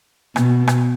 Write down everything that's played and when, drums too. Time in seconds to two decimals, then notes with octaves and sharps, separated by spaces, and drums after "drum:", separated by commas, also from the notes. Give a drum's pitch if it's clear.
0.36 B2, drum: rim click
0.67 drum: rim click